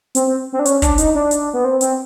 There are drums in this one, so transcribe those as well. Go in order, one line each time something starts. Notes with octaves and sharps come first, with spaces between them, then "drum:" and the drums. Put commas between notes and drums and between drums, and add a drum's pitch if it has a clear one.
C4, drum: hi-hat
C4
C4
D4
C#4, drum: hi-hat
D4, drum: kick, hi-hat
D#4, drum: hi-hat
D4
drum: hi-hat
B3
C4
C4, drum: hi-hat